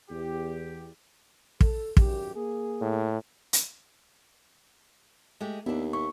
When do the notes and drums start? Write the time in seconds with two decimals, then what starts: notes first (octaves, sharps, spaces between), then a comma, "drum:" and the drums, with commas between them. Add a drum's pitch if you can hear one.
0.10 E2 G4
1.61 A4, drum: kick
1.97 G#1 F#2 G4, drum: kick
2.35 A#3 G#4
2.81 A2
3.53 drum: hi-hat
5.41 G#3 A3 G4
5.66 D#2 B3 D4 E4
5.93 E4 C#6